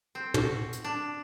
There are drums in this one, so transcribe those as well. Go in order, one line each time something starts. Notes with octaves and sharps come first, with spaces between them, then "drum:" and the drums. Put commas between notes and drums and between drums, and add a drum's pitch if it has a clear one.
C4
F#4, drum: tom
drum: hi-hat
D4